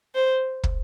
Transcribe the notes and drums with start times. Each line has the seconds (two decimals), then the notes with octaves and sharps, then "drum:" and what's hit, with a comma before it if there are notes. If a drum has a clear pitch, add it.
0.15 C5
0.64 drum: kick